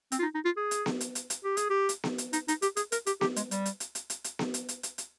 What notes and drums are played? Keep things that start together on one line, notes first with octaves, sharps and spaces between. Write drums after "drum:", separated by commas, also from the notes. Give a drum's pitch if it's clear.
C4, drum: hi-hat
F4
D#4
D#4
F4
G#4
drum: hi-hat
drum: snare B3
drum: hi-hat
drum: hi-hat
drum: hi-hat
G4
G#4, drum: hi-hat
G4
drum: hi-hat
drum: snare B3
drum: hi-hat
D#4, drum: hi-hat
D#4, drum: hi-hat
G4, drum: hi-hat
G#4, drum: hi-hat
A#4, drum: hi-hat
G4, drum: hi-hat
G4, drum: snare B3
G#3, drum: hi-hat
G3, drum: hi-hat
drum: hi-hat
drum: hi-hat
drum: hi-hat
drum: hi-hat
drum: hi-hat
drum: snare B3
drum: hi-hat
drum: hi-hat
drum: hi-hat
drum: hi-hat